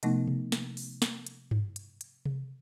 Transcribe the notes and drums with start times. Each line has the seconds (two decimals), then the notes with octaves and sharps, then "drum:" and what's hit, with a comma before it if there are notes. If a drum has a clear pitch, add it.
0.03 C3 F3 A3 B3 D#4, drum: hi-hat
0.27 drum: tom C3
0.52 drum: snare
0.77 drum: open hi-hat
1.02 drum: snare
1.27 drum: hi-hat
1.51 drum: tom G2
1.76 drum: hi-hat
2.01 drum: hi-hat
2.26 drum: tom C3